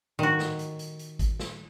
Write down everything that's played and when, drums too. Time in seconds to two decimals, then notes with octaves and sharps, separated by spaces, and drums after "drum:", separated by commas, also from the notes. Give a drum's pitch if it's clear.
0.19 D#3 F#4, drum: tom G#2
0.39 drum: snare
0.59 drum: hi-hat
0.79 drum: hi-hat
0.99 drum: hi-hat
1.19 drum: kick G#1, hi-hat
1.40 drum: snare